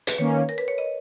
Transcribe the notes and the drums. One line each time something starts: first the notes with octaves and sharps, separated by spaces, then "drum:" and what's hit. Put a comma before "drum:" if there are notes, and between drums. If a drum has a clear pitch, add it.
B4, drum: hi-hat
D#3 A#3 C#4 C#5
A#4
B4
C#5
D#5